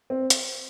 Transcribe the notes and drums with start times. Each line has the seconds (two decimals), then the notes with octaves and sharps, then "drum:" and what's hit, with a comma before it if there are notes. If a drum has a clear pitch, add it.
0.10 C4
0.30 drum: hi-hat